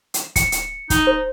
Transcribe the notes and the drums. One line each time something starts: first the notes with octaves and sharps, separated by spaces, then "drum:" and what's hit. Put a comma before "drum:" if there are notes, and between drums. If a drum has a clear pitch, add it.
drum: hi-hat
C#7, drum: kick, hi-hat
drum: hi-hat
D#4, drum: kick, hi-hat
C5